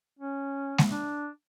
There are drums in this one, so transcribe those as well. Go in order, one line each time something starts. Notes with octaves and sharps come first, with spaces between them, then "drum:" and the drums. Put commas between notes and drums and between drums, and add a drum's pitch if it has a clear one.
C#4
drum: snare G#3
D4